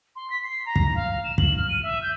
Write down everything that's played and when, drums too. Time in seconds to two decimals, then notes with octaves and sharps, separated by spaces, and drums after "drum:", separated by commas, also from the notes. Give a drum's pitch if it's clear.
0.16 C6
0.30 B6
0.43 C7
0.66 A#5
0.76 drum: kick
0.95 F5
1.24 E7
1.38 F#7, drum: kick
1.57 F6
1.69 D#7
1.83 E5
2.02 G6